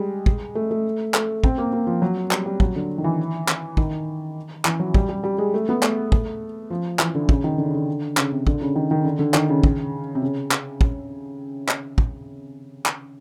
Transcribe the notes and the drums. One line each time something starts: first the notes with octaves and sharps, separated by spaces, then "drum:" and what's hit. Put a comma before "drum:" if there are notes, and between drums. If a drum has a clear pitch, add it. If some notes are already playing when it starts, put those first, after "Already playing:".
Already playing: G3 G#3
drum: kick
A3
A3
A3, drum: clap
C4, drum: kick
A#3
A#3
F3
F#3
G3, drum: clap
G3
F#3, drum: kick
D3
D#3
E3
drum: clap
D#3, drum: kick
E3, drum: clap
F#3
G3, drum: kick
G3
G3
G#3
A3
B3
A3, drum: clap
drum: kick
F3
E3, drum: clap
D3
C#3, drum: kick
D#3
D3
C#3
D3
C#3, drum: clap
C3
D3, drum: kick
C#3
D#3
D#3
D3
D3
D#3, drum: clap
C#3
drum: kick
C3
C#3
drum: clap
drum: kick
drum: clap
drum: kick
drum: clap